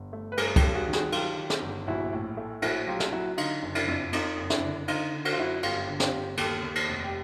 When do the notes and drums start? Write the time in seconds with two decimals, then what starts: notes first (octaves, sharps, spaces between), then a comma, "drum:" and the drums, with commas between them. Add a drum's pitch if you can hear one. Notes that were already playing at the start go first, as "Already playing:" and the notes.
Already playing: G1
0.13 A3
0.32 B4
0.37 G2 G#4 A#4, drum: cymbal
0.56 G4 A4, drum: kick, cymbal
0.63 G2
0.75 F#4 G#4
0.87 D#3
0.93 F#4 G#4, drum: snare
1.12 F#3 F4 G4, drum: cymbal
1.37 D#3
1.50 drum: snare
1.62 G1
1.87 A#1 E4 F#4
2.13 A2
2.37 A3
2.62 A#1 E4 F#4, drum: cymbal
2.87 F#3 F4 G4
3.00 drum: snare
3.12 F#3 E4 F#4
3.38 D3 D#4 F4, drum: cymbal
3.63 F#1
3.75 D4 E4, drum: cymbal
3.88 F2
4.13 F2 D#4 F4, drum: cymbal
4.38 F#1
4.50 D4 E4, drum: snare
4.63 D3
4.88 D3 D#4 F4, drum: cymbal
5.13 D3
5.25 F#4, drum: cymbal
5.33 F4
5.37 F#2 E4 F#4
5.63 G1 F4 G4, drum: cymbal
5.88 D3
6.00 F4 G4, drum: snare
6.13 G1
6.37 D#2 G4 A4, drum: cymbal
6.63 D#2
6.75 drum: cymbal
6.88 F1
7.04 G4